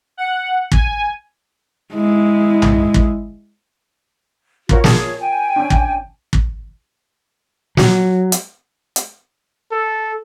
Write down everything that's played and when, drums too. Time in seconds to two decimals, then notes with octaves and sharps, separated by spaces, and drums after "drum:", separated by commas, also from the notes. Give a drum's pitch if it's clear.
0.17 F#5
0.72 G#5, drum: kick
1.93 G#3 E4
2.62 drum: tom B1
2.94 drum: kick
4.69 F4 F#4 A#4 C#5, drum: kick
4.84 G#4 C#5 A5, drum: snare
5.20 G5 G#5
5.56 C#4 D4
5.70 drum: kick
6.33 drum: kick
7.77 F#3, drum: snare
8.32 drum: hi-hat
8.96 drum: hi-hat
9.72 A4